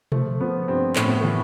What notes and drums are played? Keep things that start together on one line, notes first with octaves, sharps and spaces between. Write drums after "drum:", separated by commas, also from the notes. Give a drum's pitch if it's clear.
F3 A3, drum: tom B2
F3 B3
G2 C4
A2 A3, drum: clap
B3
E3 A3